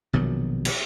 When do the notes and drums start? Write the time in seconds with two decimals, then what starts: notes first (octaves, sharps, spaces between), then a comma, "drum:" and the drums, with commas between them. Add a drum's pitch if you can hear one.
0.13 A#1 B2 D#3 F#3
0.65 drum: cymbal